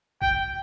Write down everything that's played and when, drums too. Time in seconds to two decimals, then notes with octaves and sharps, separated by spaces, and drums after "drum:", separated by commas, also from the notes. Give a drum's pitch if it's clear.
0.22 G5, drum: kick